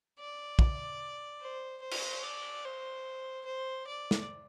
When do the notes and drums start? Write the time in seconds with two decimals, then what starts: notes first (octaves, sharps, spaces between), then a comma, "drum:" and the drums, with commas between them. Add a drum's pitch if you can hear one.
0.19 D5
0.59 drum: kick
1.41 C5
1.82 C5
1.91 drum: cymbal
2.23 D5
2.65 C5
3.45 C5
3.87 D5
4.11 drum: snare